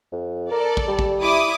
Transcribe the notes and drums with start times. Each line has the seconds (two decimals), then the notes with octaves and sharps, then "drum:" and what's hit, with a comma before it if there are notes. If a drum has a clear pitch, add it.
0.12 F2
0.51 A4 A#4 D5
0.77 drum: kick
0.88 G3
0.99 drum: kick
1.21 E4 D6 D#6